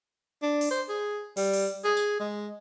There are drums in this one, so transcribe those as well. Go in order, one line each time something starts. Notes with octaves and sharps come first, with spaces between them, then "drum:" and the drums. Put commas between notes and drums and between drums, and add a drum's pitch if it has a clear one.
D4
drum: open hi-hat
C5
G#4
G3, drum: open hi-hat
drum: open hi-hat
G#4
drum: tambourine
G#3